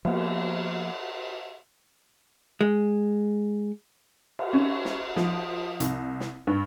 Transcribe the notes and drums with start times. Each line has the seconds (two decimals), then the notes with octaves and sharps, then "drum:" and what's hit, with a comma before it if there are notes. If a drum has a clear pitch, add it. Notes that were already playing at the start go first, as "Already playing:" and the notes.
0.05 F3 A#3 B3, drum: cymbal
2.61 G#3
4.39 drum: cymbal
4.53 C#4
4.85 drum: snare
5.16 F3, drum: snare
5.80 C2, drum: hi-hat
6.20 drum: snare
6.47 G2